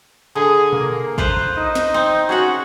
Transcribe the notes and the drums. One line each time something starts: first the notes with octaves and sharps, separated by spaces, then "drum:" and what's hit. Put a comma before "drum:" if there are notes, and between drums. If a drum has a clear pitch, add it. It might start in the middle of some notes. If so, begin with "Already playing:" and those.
D3 G#4
A#3, drum: tom A#2
F4 B4 C5, drum: kick
D#4
drum: snare
C4
C#4 F#4 G#4 F#5